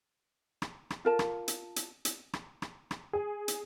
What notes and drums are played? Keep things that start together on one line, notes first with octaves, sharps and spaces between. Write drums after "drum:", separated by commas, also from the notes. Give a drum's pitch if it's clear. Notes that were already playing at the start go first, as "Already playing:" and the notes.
drum: rim click
drum: rim click
F4 A#4 A5
drum: rim click
drum: hi-hat
drum: hi-hat
drum: hi-hat
drum: rim click
drum: rim click
drum: rim click
G#4
drum: hi-hat